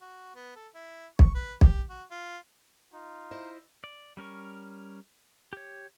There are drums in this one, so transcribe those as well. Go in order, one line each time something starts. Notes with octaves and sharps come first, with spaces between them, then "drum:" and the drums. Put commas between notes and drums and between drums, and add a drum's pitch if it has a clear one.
F#4
B3
A4
E4
C#6, drum: kick B1
B4
G4, drum: kick B1
F#4
F4
D#4 F4
E4 C5 D#5
D5
G3 C#4 A#4 C#6
G4 C#5